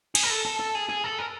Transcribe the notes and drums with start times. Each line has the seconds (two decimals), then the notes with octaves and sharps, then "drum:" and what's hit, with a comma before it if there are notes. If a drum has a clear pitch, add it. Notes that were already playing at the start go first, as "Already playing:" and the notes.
0.15 G#4, drum: cymbal
0.23 A#4
0.30 A4
0.45 A4
0.59 A4
0.75 G#4
0.89 G#4
1.04 A4
1.19 A#4